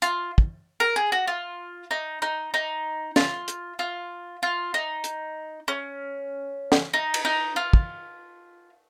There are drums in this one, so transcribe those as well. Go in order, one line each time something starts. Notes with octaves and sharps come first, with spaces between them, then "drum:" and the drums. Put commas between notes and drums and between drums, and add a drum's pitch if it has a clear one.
F4, drum: hi-hat
drum: kick
A#4
G#4
F#4
F4
D#4
D#4
D#4
F4, drum: snare
drum: hi-hat
F4
F4
D#4
drum: hi-hat
C#4
drum: snare
D#4
drum: cymbal
D#4
F4
drum: kick